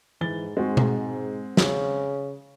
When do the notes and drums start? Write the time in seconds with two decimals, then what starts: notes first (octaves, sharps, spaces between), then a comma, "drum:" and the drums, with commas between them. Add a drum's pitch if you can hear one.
0.21 G#2 E3 A6 G7
0.57 G#2 G#3 C4 F#4
0.77 drum: tom B2
1.57 C#3, drum: snare